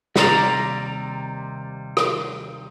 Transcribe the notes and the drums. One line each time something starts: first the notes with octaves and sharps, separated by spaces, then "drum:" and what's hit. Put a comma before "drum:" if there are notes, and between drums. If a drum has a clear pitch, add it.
D#2 C3 G3 A4 D5 A#5, drum: snare
drum: rim click